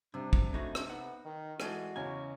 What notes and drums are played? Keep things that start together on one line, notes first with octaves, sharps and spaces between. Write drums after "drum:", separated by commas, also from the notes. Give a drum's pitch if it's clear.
G2 C3 D4
drum: kick
C#3 A3 D#4 F#4
drum: rim click
B3 D#4 F#5
D#3
E3 G#3 F#4 G#4 A4 D#5, drum: rim click
E2 C#3 C#4 G#5